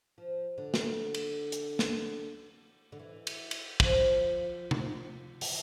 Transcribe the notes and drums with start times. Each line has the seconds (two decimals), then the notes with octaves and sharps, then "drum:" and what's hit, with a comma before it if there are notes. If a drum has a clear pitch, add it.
0.18 F3
0.58 D3
0.74 drum: snare
1.14 drum: cymbal
1.52 drum: hi-hat
1.79 drum: snare
2.92 D3
3.00 E3
3.27 drum: cymbal
3.51 drum: cymbal
3.80 F3, drum: kick
4.71 drum: tom C3
5.41 E3, drum: open hi-hat